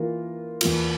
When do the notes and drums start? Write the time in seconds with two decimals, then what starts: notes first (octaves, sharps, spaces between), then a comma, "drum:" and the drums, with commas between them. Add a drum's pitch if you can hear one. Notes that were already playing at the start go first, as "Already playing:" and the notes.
Already playing: E3 A#3 F4 A#4
0.61 E2 E3 A#3 F4, drum: cymbal